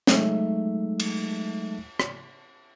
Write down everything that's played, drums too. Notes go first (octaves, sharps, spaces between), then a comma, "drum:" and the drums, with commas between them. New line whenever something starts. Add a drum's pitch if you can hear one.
F#3 G#3 A3 D#4 E5, drum: snare
drum: cymbal
drum: rim click